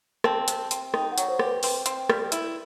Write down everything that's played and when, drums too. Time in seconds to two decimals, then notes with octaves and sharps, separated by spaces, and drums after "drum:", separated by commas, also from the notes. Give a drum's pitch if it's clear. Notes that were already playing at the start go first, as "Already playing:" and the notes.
0.24 C4 A5, drum: rim click
0.48 C3, drum: hi-hat
0.71 C4, drum: hi-hat
0.94 D#4 G5, drum: rim click
1.12 F#5
1.18 F#3, drum: hi-hat
1.29 C5
1.39 G4, drum: rim click
1.45 B4
1.63 C4 B4, drum: open hi-hat
1.86 C4, drum: hi-hat
2.10 G3, drum: rim click
2.32 E4, drum: hi-hat